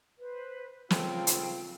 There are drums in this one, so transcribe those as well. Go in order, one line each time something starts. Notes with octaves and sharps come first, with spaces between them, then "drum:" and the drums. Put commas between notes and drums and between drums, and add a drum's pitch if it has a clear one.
B4 C5
C#3 C4 F4 A4 A#4 G5, drum: snare
drum: hi-hat